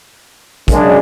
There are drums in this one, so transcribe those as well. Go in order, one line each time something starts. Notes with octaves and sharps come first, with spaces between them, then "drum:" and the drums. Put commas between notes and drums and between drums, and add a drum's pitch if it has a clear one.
F#2 C#3 G#3 D4, drum: kick, hi-hat